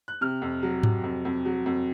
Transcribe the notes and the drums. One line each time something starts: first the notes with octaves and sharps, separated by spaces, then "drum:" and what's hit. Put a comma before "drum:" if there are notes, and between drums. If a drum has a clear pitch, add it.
F#6
C3 F6
F2
F#3
C3, drum: tom G#2
F2
F2
F#3
F2